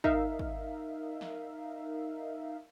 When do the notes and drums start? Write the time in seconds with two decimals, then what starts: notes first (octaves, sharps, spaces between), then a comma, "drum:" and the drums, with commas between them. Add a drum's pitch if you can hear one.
0.04 D#4 A#4 E5 F5, drum: kick
0.39 drum: kick
1.21 drum: snare